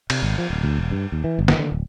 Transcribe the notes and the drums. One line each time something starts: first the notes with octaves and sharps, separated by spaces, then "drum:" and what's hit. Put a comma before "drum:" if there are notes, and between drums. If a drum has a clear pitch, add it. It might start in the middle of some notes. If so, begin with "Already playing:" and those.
C3, drum: cymbal
G#1
F3
D1
D2
E1
G2
D#2
E3
G1
drum: snare
D3
D1